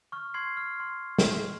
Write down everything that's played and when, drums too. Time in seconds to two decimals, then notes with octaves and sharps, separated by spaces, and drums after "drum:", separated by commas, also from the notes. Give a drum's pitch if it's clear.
0.12 C#6 F6
0.34 C6 G#6 C7
0.57 F6
0.80 C6
1.18 drum: snare